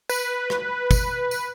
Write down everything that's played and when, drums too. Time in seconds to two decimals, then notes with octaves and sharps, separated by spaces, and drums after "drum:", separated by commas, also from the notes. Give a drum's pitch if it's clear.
0.09 B4, drum: tambourine
0.50 drum: rim click
0.91 drum: kick, tambourine
1.31 drum: tambourine